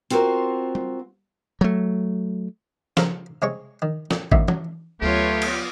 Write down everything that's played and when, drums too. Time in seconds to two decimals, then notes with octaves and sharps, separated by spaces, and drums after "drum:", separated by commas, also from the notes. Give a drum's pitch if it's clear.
0.10 C4 F4 F#4 A#4 C5, drum: hi-hat
0.75 drum: tom
1.61 F#3 A3
2.97 C#3 F3 F4 A4 A#4, drum: snare
3.42 C3 G#3 G#4 C#5 C#6
3.82 D#3
4.11 A#2, drum: snare
4.32 F#2 A2 D#3 A#3 B3 E5, drum: kick G#1
4.48 F#3, drum: tom E3
5.02 D2 F#3 A3 B3 F4 G4 C#5
5.42 drum: cymbal